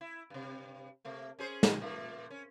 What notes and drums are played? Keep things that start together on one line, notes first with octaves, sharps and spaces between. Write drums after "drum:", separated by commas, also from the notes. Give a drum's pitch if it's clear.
E4
G2 C3
C3 A3 A#3
C#4 G#4 C5
drum: snare
A#2 A3 A#3
C#4